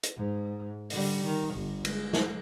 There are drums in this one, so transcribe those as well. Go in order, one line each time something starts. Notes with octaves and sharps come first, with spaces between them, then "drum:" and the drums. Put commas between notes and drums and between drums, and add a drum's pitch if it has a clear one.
drum: hi-hat
G#2
D3 G3, drum: open hi-hat
D#3
G1
G#3, drum: cymbal
drum: snare